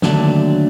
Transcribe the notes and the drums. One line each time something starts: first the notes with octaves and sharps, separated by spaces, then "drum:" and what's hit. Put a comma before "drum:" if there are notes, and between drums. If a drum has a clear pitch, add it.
D#2 D3 F#3 A3 D4, drum: snare